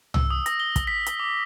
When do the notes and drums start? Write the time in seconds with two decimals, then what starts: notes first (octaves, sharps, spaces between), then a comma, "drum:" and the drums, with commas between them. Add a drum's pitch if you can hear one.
0.14 E6, drum: tom
0.31 D#6
0.46 A#6, drum: hi-hat
0.60 G7
0.76 drum: kick, hi-hat
0.87 B6
1.06 drum: hi-hat
1.20 D6